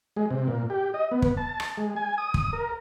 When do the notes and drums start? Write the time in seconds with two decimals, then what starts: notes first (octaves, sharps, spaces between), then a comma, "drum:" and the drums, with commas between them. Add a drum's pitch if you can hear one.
0.17 G#3
0.30 C3
0.48 A#2
0.70 G4
0.94 D#5
1.11 B3
1.22 drum: kick
1.37 A5
1.60 drum: rim click
1.78 G#3
1.96 G#5
2.18 D#6
2.34 drum: kick
2.53 A#4